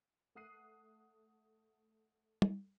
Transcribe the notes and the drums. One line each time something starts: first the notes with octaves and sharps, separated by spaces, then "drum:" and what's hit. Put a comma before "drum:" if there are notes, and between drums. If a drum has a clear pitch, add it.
A3 F#5 D#6 F#6 C7 D#7
drum: tom